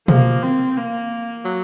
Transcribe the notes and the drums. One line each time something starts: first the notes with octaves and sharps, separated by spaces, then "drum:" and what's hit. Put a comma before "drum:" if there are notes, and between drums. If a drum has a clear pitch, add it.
F3 A#3, drum: tom B2
C4
A#3
F#3